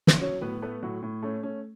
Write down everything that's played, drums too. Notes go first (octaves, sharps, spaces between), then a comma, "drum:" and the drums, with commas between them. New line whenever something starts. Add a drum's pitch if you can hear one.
drum: snare
F#3 C#4 C#5
A2 B3 B4
A3 B3 B4
A2 F#3 F#4
A2
A3 C#4
A3 C#4